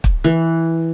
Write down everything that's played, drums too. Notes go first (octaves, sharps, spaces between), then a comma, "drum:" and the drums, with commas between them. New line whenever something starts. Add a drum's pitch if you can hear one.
drum: kick
E3